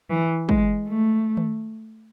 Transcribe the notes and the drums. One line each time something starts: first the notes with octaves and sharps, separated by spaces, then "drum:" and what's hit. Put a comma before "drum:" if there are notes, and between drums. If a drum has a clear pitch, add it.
E3
G#3, drum: kick
A3
drum: tom D#3